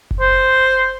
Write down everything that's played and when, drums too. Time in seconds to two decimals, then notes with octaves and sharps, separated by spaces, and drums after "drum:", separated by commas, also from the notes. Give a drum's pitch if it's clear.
0.11 drum: kick F#1
0.20 C5